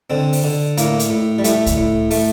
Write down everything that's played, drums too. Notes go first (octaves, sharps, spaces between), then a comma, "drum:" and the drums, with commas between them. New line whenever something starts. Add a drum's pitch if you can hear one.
D3 C4
drum: open hi-hat
D3
A2 A#3, drum: hi-hat
drum: hi-hat
A2
G3
A2 A3, drum: hi-hat
drum: kick C#2, hi-hat
A2
A3, drum: open hi-hat